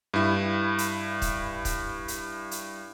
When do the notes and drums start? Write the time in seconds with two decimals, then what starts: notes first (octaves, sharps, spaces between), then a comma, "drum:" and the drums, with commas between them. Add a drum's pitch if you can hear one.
0.14 G2 E4
0.78 drum: hi-hat
1.22 drum: kick C#1, hi-hat
1.65 drum: kick C#1, hi-hat
2.08 drum: hi-hat
2.51 drum: hi-hat